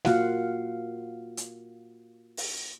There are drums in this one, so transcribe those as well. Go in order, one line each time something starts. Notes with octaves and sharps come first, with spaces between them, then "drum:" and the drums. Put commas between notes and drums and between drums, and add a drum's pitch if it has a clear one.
A#3 F4 F#4 F5 F#5, drum: snare
drum: hi-hat
drum: open hi-hat